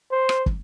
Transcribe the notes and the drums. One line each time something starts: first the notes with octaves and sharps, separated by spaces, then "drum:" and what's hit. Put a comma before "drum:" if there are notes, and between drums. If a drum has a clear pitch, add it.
C5
drum: rim click
drum: kick